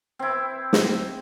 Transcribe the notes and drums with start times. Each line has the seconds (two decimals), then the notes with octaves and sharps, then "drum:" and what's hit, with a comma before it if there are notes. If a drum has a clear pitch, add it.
0.19 C4 E4
0.73 drum: snare